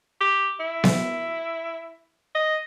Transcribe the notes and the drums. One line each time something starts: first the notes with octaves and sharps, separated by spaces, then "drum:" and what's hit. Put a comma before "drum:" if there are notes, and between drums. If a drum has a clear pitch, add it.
G4
E4
drum: snare B3
D#5